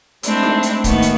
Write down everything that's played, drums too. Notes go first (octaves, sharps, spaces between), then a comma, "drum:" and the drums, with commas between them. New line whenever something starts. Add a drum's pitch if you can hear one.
G#3 A3 C4 D4 E4, drum: hi-hat
drum: snare D#4
drum: hi-hat
A2 D#3 A#3 B3 F#4, drum: kick, hi-hat
drum: hi-hat